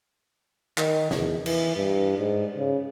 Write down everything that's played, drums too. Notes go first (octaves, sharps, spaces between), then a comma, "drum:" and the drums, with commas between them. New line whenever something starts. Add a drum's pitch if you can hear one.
D#3, drum: clap
E2, drum: snare
E3, drum: cymbal
G2
G#2
C#3